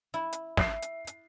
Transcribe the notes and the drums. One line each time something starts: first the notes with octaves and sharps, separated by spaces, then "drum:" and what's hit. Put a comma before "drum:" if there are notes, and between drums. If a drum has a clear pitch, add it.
E4
drum: hi-hat
E5 C7, drum: snare
drum: hi-hat
drum: hi-hat